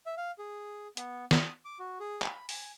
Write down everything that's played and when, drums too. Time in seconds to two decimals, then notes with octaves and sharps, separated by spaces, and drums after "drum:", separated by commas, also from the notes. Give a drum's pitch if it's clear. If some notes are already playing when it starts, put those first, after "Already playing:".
0.06 E5
0.18 F5
0.39 G#4
0.97 B3, drum: hi-hat
1.31 D#6, drum: snare
1.65 D6
1.79 F#4
2.00 G#4
2.22 B5, drum: clap
2.49 G#5, drum: open hi-hat